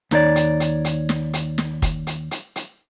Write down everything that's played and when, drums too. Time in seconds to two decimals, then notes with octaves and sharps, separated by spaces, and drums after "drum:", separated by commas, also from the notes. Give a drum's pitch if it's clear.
0.11 D#2 D#4 C#5 D5, drum: snare
0.36 drum: hi-hat
0.60 drum: hi-hat
0.85 drum: hi-hat
1.09 drum: snare
1.33 drum: hi-hat
1.58 drum: snare
1.82 drum: kick, hi-hat
2.07 drum: hi-hat
2.31 drum: hi-hat
2.56 drum: hi-hat